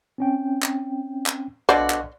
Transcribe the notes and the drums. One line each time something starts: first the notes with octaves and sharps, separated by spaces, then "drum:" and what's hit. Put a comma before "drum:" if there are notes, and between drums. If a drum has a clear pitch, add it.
C4 C#4 G5
drum: clap
drum: clap
B1 B2 D3 F#4 C5 D5 F5
drum: clap